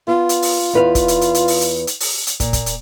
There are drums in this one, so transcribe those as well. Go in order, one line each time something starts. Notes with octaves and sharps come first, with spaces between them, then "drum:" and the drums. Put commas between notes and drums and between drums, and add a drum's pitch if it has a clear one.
B3 F4
drum: hi-hat
drum: open hi-hat
E2 B4 F5
drum: kick, hi-hat
drum: hi-hat
drum: hi-hat
drum: hi-hat
drum: open hi-hat
drum: hi-hat
drum: hi-hat
drum: open hi-hat
drum: hi-hat
A#2, drum: kick, hi-hat
drum: kick, hi-hat
drum: hi-hat